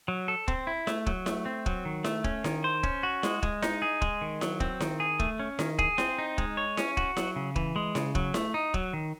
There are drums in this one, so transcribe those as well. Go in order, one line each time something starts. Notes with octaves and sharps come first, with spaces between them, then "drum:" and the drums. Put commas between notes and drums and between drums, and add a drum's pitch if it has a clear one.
F#3
A4
C4, drum: kick
E4
A3, drum: snare E4
F#3, drum: kick
A3, drum: snare E4
C4
F#3, drum: kick
D#3
A3, drum: snare E4
C#4, drum: kick
D#3, drum: snare E4
C5
C#4, drum: kick
F#4
G#3, drum: snare E4
G#3, drum: kick
D#4, drum: snare E4
G#4
G#3, drum: kick
D#3
F#3, drum: snare E4
C4, drum: kick
D#3, drum: snare E4
G#4
A3, drum: kick
C#4
D#3, drum: snare E4
G#4, drum: kick
C4, drum: snare E4
D#4
G#3, drum: kick
C#5
C#4, drum: snare E4
F#4, drum: kick
F#3, drum: snare E4
C#3
E3, drum: kick
G#3
C#3, drum: snare E4
F#3, drum: kick
A3, drum: snare E4
D#4
F#3, drum: kick
D#3